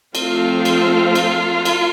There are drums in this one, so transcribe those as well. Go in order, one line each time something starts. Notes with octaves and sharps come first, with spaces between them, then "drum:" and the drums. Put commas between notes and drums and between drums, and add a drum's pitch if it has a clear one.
F3 A3 C4 F4, drum: cymbal
drum: cymbal
drum: cymbal
drum: cymbal